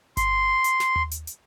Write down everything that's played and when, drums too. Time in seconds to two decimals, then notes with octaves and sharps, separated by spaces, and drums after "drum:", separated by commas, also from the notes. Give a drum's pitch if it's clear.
0.17 C6, drum: kick G1, hi-hat
0.64 drum: hi-hat
0.80 drum: snare
0.96 drum: tom D#2
1.11 drum: hi-hat
1.27 drum: hi-hat